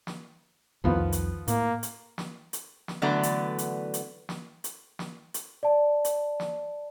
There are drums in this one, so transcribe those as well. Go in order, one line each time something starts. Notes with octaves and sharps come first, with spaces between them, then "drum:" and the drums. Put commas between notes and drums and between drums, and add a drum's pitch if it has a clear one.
drum: snare
C2 F2 D#3 F3 B3 F4
drum: hi-hat
A2 A#3, drum: hi-hat
drum: hi-hat
drum: snare
drum: hi-hat
drum: snare
D3 E3 F#3 A3 B3 D5
drum: hi-hat
drum: hi-hat
drum: hi-hat
drum: snare
drum: hi-hat
drum: snare
drum: hi-hat
D5 A5
drum: hi-hat
drum: snare